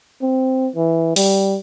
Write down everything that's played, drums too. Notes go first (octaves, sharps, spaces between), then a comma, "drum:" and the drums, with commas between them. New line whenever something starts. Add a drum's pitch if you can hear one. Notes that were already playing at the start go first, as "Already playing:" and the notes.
C4
E3
G3, drum: open hi-hat